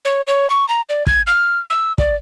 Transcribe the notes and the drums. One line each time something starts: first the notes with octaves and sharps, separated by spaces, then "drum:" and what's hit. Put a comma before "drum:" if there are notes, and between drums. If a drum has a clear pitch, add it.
C#5
C#5
C#6
A#5
D5
G#6, drum: kick
F6
E6
D5, drum: kick